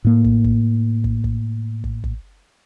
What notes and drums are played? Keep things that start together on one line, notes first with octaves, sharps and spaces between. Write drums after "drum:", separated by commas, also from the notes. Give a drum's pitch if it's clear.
A2 A#3
drum: kick
drum: kick
drum: kick
drum: kick
drum: kick
drum: kick